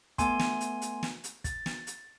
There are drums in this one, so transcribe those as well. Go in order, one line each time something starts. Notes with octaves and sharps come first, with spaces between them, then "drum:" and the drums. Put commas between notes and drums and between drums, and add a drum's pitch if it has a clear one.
A3 B3 G#5 C6, drum: kick, hi-hat
drum: snare
drum: hi-hat
drum: hi-hat
drum: snare
drum: hi-hat
A6, drum: kick, hi-hat
drum: snare
drum: hi-hat